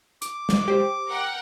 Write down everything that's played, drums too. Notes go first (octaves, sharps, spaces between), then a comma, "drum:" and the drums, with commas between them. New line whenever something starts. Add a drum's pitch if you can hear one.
D6, drum: hi-hat
drum: snare
G4 C5
A#4 F#5 G5